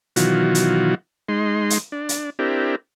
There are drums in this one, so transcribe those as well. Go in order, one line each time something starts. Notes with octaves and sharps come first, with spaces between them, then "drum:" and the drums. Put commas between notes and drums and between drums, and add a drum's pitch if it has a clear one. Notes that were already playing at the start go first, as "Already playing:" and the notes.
B2 D#3 E3 F#3 F4 F#4, drum: hi-hat
drum: hi-hat
G#3 D#4 C6
drum: hi-hat
D4
drum: hi-hat
C4 D4 E4 G4 A#4